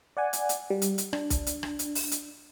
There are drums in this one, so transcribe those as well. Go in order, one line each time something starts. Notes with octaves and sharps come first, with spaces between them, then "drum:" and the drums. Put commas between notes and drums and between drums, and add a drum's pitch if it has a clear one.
D5 F#5 G#5
drum: hi-hat
drum: hi-hat
G3
drum: hi-hat
drum: hi-hat
D4, drum: rim click
drum: kick B1, hi-hat
drum: hi-hat
drum: rim click
drum: hi-hat
drum: open hi-hat
drum: hi-hat